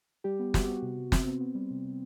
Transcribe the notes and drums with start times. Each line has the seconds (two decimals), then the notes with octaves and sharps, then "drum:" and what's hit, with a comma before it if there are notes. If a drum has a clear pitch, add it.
0.24 G3 G4
0.39 B3
0.54 G3 F#4, drum: snare
0.64 B3 G4
0.76 F#4
0.82 C3
0.97 C3
1.12 C3 C4, drum: snare
1.27 B3
1.40 B3
1.55 G3
1.71 C3
1.84 C3